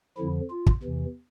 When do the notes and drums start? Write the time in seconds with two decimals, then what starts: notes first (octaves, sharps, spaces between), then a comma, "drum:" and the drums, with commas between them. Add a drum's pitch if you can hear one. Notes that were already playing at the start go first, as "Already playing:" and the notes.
0.18 F2 D3 F3 E4
0.50 F4
0.66 drum: kick
0.83 E2 C3 E3